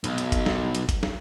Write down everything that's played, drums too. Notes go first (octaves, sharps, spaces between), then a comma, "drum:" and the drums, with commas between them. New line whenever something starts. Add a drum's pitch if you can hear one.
B1, drum: hi-hat
drum: hi-hat
drum: kick, hi-hat
drum: snare
drum: hi-hat
drum: kick, hi-hat
drum: snare